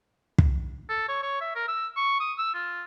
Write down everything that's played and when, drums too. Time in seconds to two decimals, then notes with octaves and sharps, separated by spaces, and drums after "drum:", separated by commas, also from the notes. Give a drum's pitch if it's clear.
0.38 drum: kick
0.89 A4
1.08 C#5
1.22 C#5
1.41 E5
1.55 A#4
1.68 E6
1.96 C#6
2.20 D#6
2.38 E6
2.54 F4